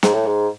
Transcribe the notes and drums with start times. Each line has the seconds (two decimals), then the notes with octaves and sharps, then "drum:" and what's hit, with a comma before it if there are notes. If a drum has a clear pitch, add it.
0.03 G#2, drum: snare
0.14 A2
0.26 G#2